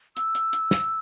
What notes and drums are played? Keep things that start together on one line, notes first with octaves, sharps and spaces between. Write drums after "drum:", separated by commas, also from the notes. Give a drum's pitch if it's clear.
E6, drum: hi-hat
drum: hi-hat
drum: hi-hat
drum: snare